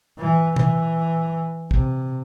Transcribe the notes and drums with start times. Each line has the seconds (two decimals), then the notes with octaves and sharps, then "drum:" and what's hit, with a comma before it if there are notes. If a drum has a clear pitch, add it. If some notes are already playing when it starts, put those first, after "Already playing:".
0.19 E3
0.56 E3, drum: tom
1.71 C3, drum: kick